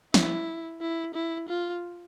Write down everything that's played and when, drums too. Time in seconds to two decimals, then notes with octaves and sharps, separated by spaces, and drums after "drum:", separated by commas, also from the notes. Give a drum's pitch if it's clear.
0.14 E4, drum: snare
0.81 E4
1.15 E4
1.49 F4